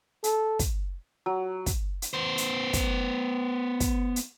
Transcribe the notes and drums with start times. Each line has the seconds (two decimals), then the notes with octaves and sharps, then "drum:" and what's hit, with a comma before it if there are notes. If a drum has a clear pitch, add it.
0.24 A4, drum: hi-hat
0.59 drum: kick, hi-hat
1.26 F#3
1.66 drum: kick, hi-hat
2.02 drum: hi-hat
2.14 B3 C5
2.38 drum: hi-hat
2.73 drum: kick, hi-hat
3.80 drum: kick, hi-hat
4.16 drum: hi-hat